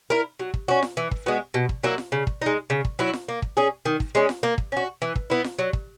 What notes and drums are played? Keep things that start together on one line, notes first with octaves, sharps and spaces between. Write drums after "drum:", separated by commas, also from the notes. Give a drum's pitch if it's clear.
E4 A#4
F#3
drum: kick
C#4 F#4
drum: snare F4
E3
drum: kick
G#3 B3 F#4
B2
drum: kick
F#3 A#3 E4
drum: snare F4
C#3
drum: kick
G#3 D#4
C#3
drum: kick
F#3 C#4 E4
drum: snare F4
A#3
drum: kick
C#4 G#4
D#3
drum: kick
G#3 C#4
drum: snare F4
A#3
drum: kick
C#4 F#4
E3
drum: kick
B3 E4
drum: snare F4
F#3
drum: kick